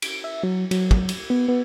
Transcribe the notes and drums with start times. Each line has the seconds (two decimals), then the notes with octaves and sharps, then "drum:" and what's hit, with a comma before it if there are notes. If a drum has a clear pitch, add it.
0.02 D7, drum: cymbal
0.24 E5
0.43 F#3
0.71 F#3, drum: cymbal
0.91 drum: kick
1.09 drum: cymbal
1.30 B3
1.48 B3